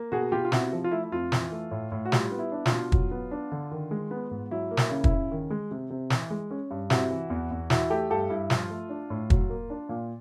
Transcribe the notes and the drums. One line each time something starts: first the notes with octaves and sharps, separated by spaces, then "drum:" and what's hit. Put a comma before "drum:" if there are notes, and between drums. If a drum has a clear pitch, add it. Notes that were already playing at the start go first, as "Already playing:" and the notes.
Already playing: A#3
B2 F#4 G#4
B2 F4 G4
F4
C3 E4 F#4, drum: snare
F3
F4
A3 E4
E4
F2 F4
E3, drum: snare
A3
A2
A2
F#4
G3 F4, drum: snare
B3
E4
D4
F4, drum: snare
B2
F#3, drum: kick
B3
D4
D3
D#3
G#3
B3
G#2
F#3 E4
A#3
E4, drum: snare
C#3
E4, drum: kick
C#3
D#3
G#3
C3
C3
E3, drum: snare
G#3
C#4
G2
C3 E4 F#4, drum: snare
E3
E2
E2
E3 E4 F#4, drum: snare
A3 G4 A4
G2 G4 A4
G2 E4
F3 F4, drum: snare
A3
D4
A2
F#3, drum: kick
A#3
D4
A#2